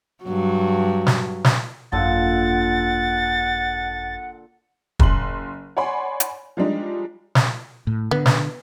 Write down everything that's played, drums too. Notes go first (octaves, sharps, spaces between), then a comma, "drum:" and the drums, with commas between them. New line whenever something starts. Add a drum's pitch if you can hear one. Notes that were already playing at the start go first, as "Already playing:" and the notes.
G2 F#3
drum: snare
drum: snare
G#1 F#2 A#2 D3 A4 F#5 A6
F#1 C6 F#7, drum: kick
C#5 D5 F#5 G#5 B5 C6
drum: hi-hat
F3 G3 G#3 D4 D#4 F4
drum: snare
A2
D3 B3
drum: snare